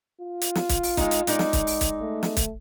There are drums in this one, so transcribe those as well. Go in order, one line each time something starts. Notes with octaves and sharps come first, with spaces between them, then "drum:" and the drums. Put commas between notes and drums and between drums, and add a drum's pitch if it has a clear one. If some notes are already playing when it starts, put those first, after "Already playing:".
F4
drum: hi-hat
drum: snare
drum: kick, hi-hat
drum: open hi-hat
G#3 D#4, drum: kick, hi-hat
drum: hi-hat
G#3 D#4 D5, drum: hi-hat
drum: snare
drum: kick, hi-hat
drum: open hi-hat
drum: kick, hi-hat
A3
drum: snare
drum: kick, hi-hat